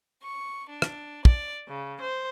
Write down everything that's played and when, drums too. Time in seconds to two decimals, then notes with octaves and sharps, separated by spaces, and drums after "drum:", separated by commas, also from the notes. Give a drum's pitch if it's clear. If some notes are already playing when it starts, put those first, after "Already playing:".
0.22 C#6
0.68 D4
0.82 drum: rim click
1.25 D5, drum: kick
1.67 C#3
1.99 C5